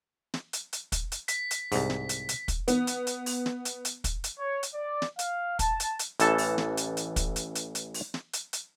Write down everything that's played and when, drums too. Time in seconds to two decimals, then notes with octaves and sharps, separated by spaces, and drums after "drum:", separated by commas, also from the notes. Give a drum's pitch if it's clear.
0.34 drum: snare
0.53 drum: hi-hat
0.73 drum: hi-hat
0.92 drum: kick, hi-hat
1.12 drum: hi-hat
1.28 B6, drum: hi-hat
1.51 drum: hi-hat
1.72 C2 G#2, drum: open hi-hat
1.90 drum: snare
2.09 drum: hi-hat
2.29 drum: hi-hat
2.48 drum: kick, hi-hat
2.68 B3, drum: hi-hat
2.87 drum: hi-hat
3.07 drum: hi-hat
3.26 drum: open hi-hat
3.46 drum: snare
3.65 drum: hi-hat
3.85 drum: hi-hat
4.04 drum: kick, hi-hat
4.24 drum: hi-hat
4.39 C#5
4.63 drum: hi-hat
4.74 D5
5.02 drum: snare
5.19 F5, drum: hi-hat
5.59 A5, drum: kick, hi-hat
5.80 drum: hi-hat
5.99 drum: hi-hat
6.20 A1 E3 A4 A5, drum: hi-hat
6.38 drum: open hi-hat
6.58 drum: snare
6.77 drum: hi-hat
6.97 drum: hi-hat
7.16 drum: kick, hi-hat
7.36 drum: hi-hat
7.55 drum: hi-hat
7.75 drum: hi-hat
7.94 drum: open hi-hat
8.14 drum: snare
8.33 drum: hi-hat
8.53 drum: hi-hat